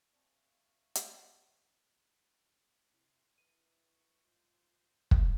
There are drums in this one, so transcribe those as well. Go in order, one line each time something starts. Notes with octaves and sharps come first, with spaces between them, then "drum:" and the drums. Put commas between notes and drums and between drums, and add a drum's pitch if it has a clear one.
C4 D5 E5 F5 G#5 A5 C#6
drum: hi-hat
C3 E4 C6
E3 A#4 D#7
C#6
G#2 F4 C5
drum: kick